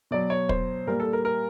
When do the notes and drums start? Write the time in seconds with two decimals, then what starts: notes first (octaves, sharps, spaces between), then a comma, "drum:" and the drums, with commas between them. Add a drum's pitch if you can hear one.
0.11 B2 F#3 D5
0.30 C#5
0.49 C5, drum: kick
0.87 A#2 G3 A#4
1.00 A4
1.13 A#4
1.25 A#4